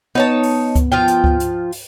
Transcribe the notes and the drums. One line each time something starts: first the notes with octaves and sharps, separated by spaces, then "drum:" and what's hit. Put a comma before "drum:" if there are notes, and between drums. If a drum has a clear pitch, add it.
B3 D#4 C#5 A5
drum: open hi-hat
drum: kick C#2, hi-hat
F3 F4 G5
drum: hi-hat
drum: kick C#2
drum: hi-hat
drum: open hi-hat